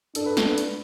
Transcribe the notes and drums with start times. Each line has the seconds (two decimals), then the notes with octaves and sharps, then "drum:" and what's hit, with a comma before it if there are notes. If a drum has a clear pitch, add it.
0.15 D4 A4, drum: hi-hat
0.26 B4
0.37 A4, drum: snare
0.47 B4
0.58 drum: hi-hat